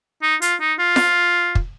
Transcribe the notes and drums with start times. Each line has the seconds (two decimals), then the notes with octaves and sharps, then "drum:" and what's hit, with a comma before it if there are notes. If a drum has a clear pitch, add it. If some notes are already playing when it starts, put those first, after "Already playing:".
0.23 D#4
0.42 F4, drum: hi-hat
0.60 D#4
0.79 F4
0.96 drum: snare F4
1.55 drum: kick